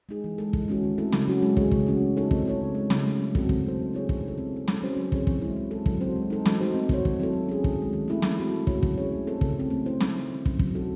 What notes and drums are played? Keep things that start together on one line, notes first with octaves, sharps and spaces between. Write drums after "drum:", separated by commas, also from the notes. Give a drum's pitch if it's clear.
G#3 D#4 G#4
E3
G#3 D#4 A4
E3, drum: kick
G#3 C#4 F#4
D#3
A3 C4 E4 A4
C#3, drum: snare
F#3 C#4 F#4
G#3
C#4 G#4 C#5, drum: kick
C#3, drum: kick
E3 A3 C#4 F#4
A3
D#4 A4 C#5
C4, drum: kick
E4 A4 C#5
C#3
G#3 C4 E4
C#3, drum: snare
F#3 A3
F#3
C4 F#4 A4, drum: kick
F#3, drum: kick
A3 D#4 A4 C5
F#3
C#4 E4 G#4 C#5
C4, drum: kick
D#4 A4
C4
E4 A4
F#3, drum: snare
C#4 F#4 C5
F#3
C4 E4 G#4 C#5, drum: kick
E3, drum: kick
G#3 C#4 E4
G#3
C4 E4 A4
F#3, drum: kick
C4 F#4 C5
G#3
D#4 A4
E3, drum: snare
A3 D#4 F#4 C5
C4
D#4 F#4 C#5, drum: kick
D#3, drum: kick
F#3 C4 E4 A4
F#3
C#4 G#4
D#3, drum: kick
G#3 C4
D#3
A3 C4 E4 A4
E3, drum: snare
G#3 C4 F#4 A4
G#3
C#4 F#4 C#5, drum: kick
F#3, drum: kick
C#4 G#4 C#5
A3
C4 E4 A4 C5
C#3, drum: kick
E3 C4
A3
C4 E4 C5
E3, drum: snare
A3 D#4
D#3
F#3 C#4, drum: kick
F#3, drum: kick
C4 D#4 F#4 A4